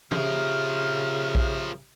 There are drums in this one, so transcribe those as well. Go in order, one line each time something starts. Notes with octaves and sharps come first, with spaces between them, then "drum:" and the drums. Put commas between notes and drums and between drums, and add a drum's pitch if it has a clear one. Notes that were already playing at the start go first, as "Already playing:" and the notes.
C#3 F3 G4 A#4 E5 F6, drum: tom E3
drum: kick A#1